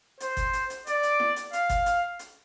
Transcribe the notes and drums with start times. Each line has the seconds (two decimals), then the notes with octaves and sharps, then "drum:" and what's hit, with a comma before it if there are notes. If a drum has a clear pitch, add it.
0.20 C5, drum: hi-hat
0.37 drum: kick G1, hi-hat
0.53 drum: hi-hat
0.70 drum: hi-hat
0.87 D5, drum: hi-hat
1.03 drum: hi-hat
1.20 drum: snare E4
1.36 drum: hi-hat
1.53 F5, drum: hi-hat
1.69 drum: kick G1, hi-hat
1.86 drum: hi-hat
2.19 drum: hi-hat